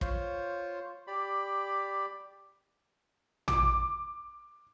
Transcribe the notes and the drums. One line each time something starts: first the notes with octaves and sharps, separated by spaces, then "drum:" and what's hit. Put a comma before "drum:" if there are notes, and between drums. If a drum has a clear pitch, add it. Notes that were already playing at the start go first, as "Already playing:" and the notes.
F4 C5 C#5, drum: kick
G4 D5 B5
D6, drum: tom